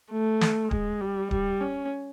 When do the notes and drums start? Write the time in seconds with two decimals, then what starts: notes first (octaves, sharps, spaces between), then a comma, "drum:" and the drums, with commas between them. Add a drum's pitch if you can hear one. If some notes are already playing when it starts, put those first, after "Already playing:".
0.11 A3
0.41 drum: snare
0.71 G#3, drum: kick D1
1.01 G3
1.31 G3, drum: kick D1
1.61 C#4